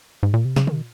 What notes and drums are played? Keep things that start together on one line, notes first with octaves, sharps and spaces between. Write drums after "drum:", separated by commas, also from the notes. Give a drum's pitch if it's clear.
G#2
A#2
C3
C#3, drum: snare
D#3, drum: tom